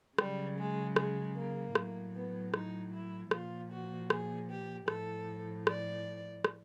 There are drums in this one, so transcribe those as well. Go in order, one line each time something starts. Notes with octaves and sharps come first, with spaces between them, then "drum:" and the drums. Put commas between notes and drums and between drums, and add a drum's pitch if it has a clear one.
C#3 F#3 G3, drum: rim click
G#3
G#3, drum: rim click
A#3
A2 F#3, drum: rim click
B3
D#4, drum: rim click
E4
A#2 F3 F4, drum: rim click
F#4
G#4, drum: rim click
G4
A2 F3 A4, drum: rim click
D5, drum: rim click
drum: rim click